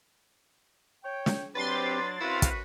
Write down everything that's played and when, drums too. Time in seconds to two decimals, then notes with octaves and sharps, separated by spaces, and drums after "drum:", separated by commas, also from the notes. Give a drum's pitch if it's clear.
1.04 C#5 G5
1.26 drum: snare
1.55 F#3 C4 D4 G4 B4 C6 A6
2.20 F#2 C4 E4 F#4 B4 F5
2.42 drum: kick, hi-hat